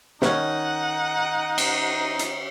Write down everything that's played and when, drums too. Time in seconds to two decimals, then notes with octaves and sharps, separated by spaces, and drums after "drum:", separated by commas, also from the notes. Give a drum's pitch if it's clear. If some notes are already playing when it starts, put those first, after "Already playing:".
0.22 D#3 C#4 D#4 F#5, drum: snare
1.58 drum: cymbal
2.19 drum: hi-hat